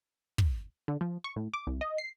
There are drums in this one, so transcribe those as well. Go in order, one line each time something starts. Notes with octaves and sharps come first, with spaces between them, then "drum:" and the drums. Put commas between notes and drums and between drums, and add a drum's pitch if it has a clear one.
drum: kick
D3
F3
C#6
A2
D6
C2
D#5
C7